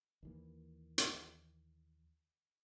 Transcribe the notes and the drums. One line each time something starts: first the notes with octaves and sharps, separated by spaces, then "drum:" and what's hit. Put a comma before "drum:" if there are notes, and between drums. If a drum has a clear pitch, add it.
D#2 E3 A#3
drum: hi-hat